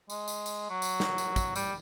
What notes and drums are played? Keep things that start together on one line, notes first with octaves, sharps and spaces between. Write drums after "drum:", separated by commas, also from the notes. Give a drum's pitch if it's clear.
G#3, drum: tambourine
drum: tambourine
drum: tambourine
F#3
drum: tambourine
drum: snare
drum: tambourine
drum: kick, tambourine
G3, drum: tambourine